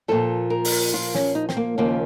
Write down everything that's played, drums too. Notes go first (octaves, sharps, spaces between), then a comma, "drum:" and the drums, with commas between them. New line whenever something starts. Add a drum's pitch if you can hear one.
A#2 F3 A4
A#4
drum: open hi-hat
F4
C#4, drum: snare
D#4
C4, drum: snare
A#3
D#2 C#3 F3 A#3